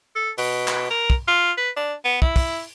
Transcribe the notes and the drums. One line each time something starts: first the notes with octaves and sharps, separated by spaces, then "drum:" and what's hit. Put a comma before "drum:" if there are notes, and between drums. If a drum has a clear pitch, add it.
A4
B2, drum: open hi-hat
drum: clap
A#4
drum: kick
F4
B4
D4
B3
E4, drum: kick
drum: kick, open hi-hat